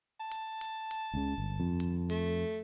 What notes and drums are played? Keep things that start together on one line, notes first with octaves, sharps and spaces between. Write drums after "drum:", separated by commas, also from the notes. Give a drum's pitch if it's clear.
A5
drum: hi-hat
drum: hi-hat
drum: hi-hat
C#2 C#3
G1
F2
drum: hi-hat
A3, drum: hi-hat